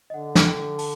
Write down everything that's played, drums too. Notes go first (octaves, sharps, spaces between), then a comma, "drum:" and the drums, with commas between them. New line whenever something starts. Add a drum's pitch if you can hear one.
D#5
D3 F#5
drum: snare
G5
A5, drum: open hi-hat